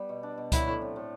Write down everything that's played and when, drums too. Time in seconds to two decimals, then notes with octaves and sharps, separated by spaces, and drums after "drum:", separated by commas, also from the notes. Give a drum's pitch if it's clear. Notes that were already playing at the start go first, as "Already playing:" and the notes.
Already playing: G3 B3
0.09 B2
0.23 D4
0.38 B2
0.52 F#3 E4, drum: kick C#2, hi-hat
0.67 A2
0.81 C4
0.96 A2